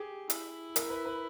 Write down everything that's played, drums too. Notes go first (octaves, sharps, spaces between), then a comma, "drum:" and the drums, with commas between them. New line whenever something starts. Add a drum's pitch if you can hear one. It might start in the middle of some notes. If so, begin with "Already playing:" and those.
Already playing: G4 G#4
E4, drum: hi-hat
A#4, drum: hi-hat
B4
B4